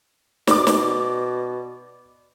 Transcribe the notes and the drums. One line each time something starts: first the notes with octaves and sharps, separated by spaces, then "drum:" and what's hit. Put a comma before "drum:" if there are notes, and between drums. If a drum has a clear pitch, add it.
B2 D5 D6, drum: snare
drum: snare